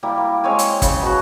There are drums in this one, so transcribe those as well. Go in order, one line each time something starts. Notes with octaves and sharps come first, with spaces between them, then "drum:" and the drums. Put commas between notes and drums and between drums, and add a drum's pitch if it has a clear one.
G3 A#3 E4
A#3
G#3 C4 C#5 G#5
drum: hi-hat
C#3, drum: kick, hi-hat
B2 F#4